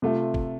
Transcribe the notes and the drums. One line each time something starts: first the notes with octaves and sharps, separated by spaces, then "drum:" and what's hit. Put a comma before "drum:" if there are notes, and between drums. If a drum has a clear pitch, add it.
C3 A3 F4
drum: kick